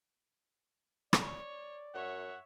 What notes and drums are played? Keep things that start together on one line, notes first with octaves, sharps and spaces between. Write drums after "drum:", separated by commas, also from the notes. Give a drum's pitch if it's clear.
C#5 D5, drum: rim click
F#2 C#5 E5 F#5